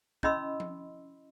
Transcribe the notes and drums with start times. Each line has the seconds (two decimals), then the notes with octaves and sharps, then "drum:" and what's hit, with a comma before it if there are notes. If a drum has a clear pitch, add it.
0.23 C#4 E4 D#5 B5 C6 E6, drum: kick
0.60 drum: tom F3